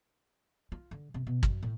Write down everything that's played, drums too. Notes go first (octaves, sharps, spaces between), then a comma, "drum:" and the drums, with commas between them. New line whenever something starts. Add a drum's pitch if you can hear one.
F4
D3
C3
B2
F#2, drum: kick
A2